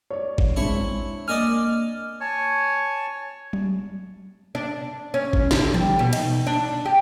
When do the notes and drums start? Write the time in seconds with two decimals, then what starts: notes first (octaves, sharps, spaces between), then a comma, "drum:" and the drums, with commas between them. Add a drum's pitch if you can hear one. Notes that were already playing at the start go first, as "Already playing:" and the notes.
0.10 C#5 D5
0.38 drum: kick G#1
0.56 G#3 C4 D4 E4 C#5
1.28 A#3 D5 D#5 G#5 F6
2.21 C#5 G#5 A5 C#6
3.53 drum: tom F#3
4.55 D4
5.14 C#4
5.33 drum: kick G#1
5.51 D3, drum: snare
5.74 G3, drum: tom E3
5.99 B2
6.13 D#4, drum: cymbal
6.47 D4
6.86 G4